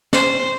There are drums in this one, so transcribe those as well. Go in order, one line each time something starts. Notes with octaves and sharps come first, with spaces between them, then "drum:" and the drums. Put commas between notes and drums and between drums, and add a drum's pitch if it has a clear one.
C5, drum: snare